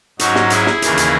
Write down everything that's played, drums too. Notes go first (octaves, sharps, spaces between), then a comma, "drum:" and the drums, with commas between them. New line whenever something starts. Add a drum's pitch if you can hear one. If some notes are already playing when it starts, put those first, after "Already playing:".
G#2 F#3 C#4 D#4 F#4, drum: hi-hat
drum: snare
E4 G#4, drum: hi-hat
drum: snare
D#2 C#3 E3 A#3, drum: hi-hat
drum: hi-hat